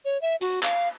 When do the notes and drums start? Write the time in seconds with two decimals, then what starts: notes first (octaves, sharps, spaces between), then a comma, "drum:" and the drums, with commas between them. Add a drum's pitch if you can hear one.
0.05 C#5
0.22 E5
0.41 F#4, drum: hi-hat
0.63 F5, drum: clap